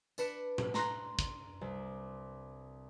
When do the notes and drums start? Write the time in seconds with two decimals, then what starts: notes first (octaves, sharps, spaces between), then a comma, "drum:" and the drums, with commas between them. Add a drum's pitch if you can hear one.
0.18 D4 B4 C#7 E7, drum: tambourine
0.58 drum: tom A2
0.74 A#5 C6 F#6 A#6, drum: snare
1.19 drum: kick
1.61 C2